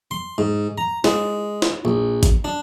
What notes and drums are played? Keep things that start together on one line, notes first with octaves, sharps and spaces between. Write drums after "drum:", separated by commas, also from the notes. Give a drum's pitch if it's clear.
C6
G#2
A#5
G#3, drum: snare
drum: snare
A#1
drum: kick G#1, hi-hat
D4